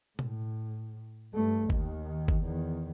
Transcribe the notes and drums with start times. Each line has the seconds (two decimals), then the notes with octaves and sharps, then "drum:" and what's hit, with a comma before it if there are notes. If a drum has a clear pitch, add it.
0.19 A2, drum: tom B2
1.33 G2 A3
1.70 D#2 D#3, drum: kick
2.28 drum: kick
2.43 E2 D#3